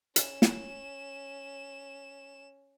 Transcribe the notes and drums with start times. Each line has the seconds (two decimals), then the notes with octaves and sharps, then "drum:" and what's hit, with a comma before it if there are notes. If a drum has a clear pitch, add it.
0.16 C#4 E7, drum: hi-hat
0.42 drum: snare